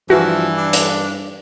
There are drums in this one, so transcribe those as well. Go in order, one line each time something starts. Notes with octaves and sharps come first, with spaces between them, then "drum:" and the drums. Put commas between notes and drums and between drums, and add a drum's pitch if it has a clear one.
G2 E3 F3 F#4
D4
drum: hi-hat